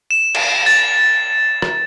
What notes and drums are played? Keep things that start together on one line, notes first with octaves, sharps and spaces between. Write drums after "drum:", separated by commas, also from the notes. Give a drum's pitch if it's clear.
E7
drum: cymbal
A6
drum: rim click